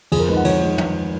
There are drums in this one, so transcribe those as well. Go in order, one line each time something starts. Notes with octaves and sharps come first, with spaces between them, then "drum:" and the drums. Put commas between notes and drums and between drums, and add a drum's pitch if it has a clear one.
F2 G#4, drum: cymbal
A#4
D#3 G#3 B4
F#5
F2 C#5, drum: cymbal
D#3 G#3
drum: tom